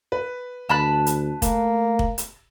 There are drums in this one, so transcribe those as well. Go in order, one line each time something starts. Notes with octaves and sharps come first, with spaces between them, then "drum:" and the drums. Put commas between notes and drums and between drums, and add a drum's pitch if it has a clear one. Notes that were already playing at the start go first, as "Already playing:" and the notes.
B4
D2 A5 B5 F#6
drum: hi-hat
A3 A#3, drum: kick, hi-hat
drum: kick
drum: hi-hat